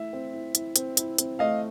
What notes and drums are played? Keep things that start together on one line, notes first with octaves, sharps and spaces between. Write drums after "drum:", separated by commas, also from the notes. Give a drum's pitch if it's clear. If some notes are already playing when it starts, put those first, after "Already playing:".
Already playing: A3 E4 E5
C4
E4
E4, drum: hi-hat
C4, drum: hi-hat
E4, drum: hi-hat
C4, drum: hi-hat
A3 D#5 F5